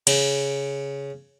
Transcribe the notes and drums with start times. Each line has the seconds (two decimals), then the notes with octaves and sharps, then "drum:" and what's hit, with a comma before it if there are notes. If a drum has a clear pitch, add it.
0.07 C#3, drum: cymbal